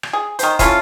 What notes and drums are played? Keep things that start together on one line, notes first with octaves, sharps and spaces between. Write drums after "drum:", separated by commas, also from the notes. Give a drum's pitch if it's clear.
drum: rim click
G#4
D#3 C5, drum: hi-hat
A3 C#4 E4 F4, drum: kick, hi-hat